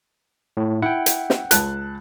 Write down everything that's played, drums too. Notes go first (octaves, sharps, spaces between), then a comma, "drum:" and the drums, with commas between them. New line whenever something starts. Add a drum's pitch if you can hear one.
A2
E4 F#5 G5
drum: hi-hat
drum: snare
C#2 A5 F#6, drum: hi-hat